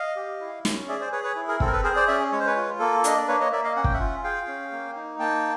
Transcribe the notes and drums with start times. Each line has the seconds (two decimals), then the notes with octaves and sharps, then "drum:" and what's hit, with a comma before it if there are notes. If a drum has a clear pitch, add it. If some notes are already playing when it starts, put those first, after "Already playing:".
Already playing: D#5 F5
0.16 G4
0.41 E4
0.65 C#4, drum: snare
0.88 G#4 D5 E5
1.01 C5 D5
1.12 G#4 B4 C#5
1.24 B4 C#5
1.36 E4
1.48 G#4 A#4
1.60 C4 A4, drum: kick
1.67 A#4
1.73 A4 B4
1.84 G#4 A#4 C5
1.96 C5 D5
2.08 C#4 D5 E5
2.32 G#3 C#5
2.39 C5
2.47 B4 C#5
2.56 F4
2.79 A#3 A4
3.04 D4 D#5, drum: hi-hat
3.17 D5
3.28 A#3 B4 C#5
3.40 C#5 D#5
3.52 A#3 D5 E5
3.64 D#5 F5
3.76 C#4 F#5
3.84 G5, drum: kick
3.93 E5 F#5
4.00 F4
4.24 G#4 F5 G5
4.47 C#4
4.72 A#3
4.96 D#4
5.19 A#3 G5 A5